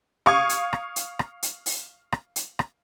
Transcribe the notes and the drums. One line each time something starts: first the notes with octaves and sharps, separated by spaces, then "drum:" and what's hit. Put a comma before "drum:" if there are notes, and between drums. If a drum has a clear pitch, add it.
F5 C#6 D#6 G#6, drum: rim click
drum: hi-hat
drum: rim click
drum: hi-hat
drum: rim click
drum: hi-hat
drum: open hi-hat
drum: rim click
drum: hi-hat
drum: rim click